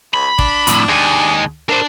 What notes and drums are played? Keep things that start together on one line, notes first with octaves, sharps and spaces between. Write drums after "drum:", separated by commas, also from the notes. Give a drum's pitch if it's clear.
C#2 B5
D4, drum: kick
F2 A2, drum: hi-hat
D#2 G#3 G#5
D4 A#4 C5